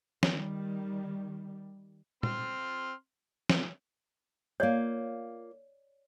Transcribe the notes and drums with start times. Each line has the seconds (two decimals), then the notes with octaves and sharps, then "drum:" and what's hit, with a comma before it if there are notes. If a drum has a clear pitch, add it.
0.23 D#3 G3, drum: snare
2.23 C4 C6 F6, drum: tom
3.49 drum: snare
4.60 A#3 F4 C#5 D5